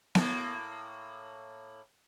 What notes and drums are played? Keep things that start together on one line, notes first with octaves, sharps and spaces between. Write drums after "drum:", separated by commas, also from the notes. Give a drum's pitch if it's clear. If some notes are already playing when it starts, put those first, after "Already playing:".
A2 A#3, drum: snare B3